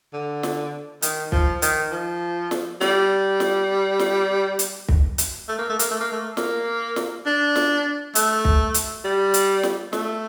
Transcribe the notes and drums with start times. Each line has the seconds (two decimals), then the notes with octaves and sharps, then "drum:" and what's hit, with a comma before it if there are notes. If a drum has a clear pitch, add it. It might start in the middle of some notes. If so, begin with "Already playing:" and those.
0.13 D3
0.43 drum: snare
1.02 D#3, drum: hi-hat
1.32 F3, drum: kick
1.62 D#3, drum: hi-hat
1.91 F3
2.51 drum: snare
2.81 G3, drum: snare
3.40 drum: snare
3.99 drum: snare
4.59 drum: hi-hat
4.89 drum: kick
5.18 drum: hi-hat
5.48 A3
5.59 A#3
5.69 A3
5.79 A#3, drum: hi-hat
5.91 A3
6.01 A#3
6.12 A3
6.37 A#3, drum: snare
6.96 drum: snare
7.26 D4
7.56 drum: snare
8.15 A3, drum: hi-hat
8.45 drum: kick
8.74 drum: hi-hat
9.04 G3
9.34 drum: hi-hat
9.63 drum: snare
9.93 A3, drum: snare